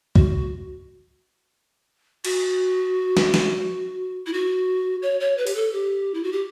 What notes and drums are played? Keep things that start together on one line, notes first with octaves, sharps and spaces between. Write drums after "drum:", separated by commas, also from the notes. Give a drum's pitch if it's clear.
F#4, drum: kick C2
F#4, drum: cymbal
drum: snare
drum: snare
E4
F#4
C#5
C#5
B4
G4, drum: open hi-hat
A4
G4
E4
F#4
G4